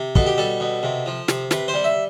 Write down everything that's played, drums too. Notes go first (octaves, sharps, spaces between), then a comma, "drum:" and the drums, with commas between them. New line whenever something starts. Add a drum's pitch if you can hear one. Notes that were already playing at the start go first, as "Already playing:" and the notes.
Already playing: C3
B2 A4, drum: kick
G4
G3 A4
B2
C3
F3
C3, drum: snare
C3 B4, drum: snare
C5
G3
E5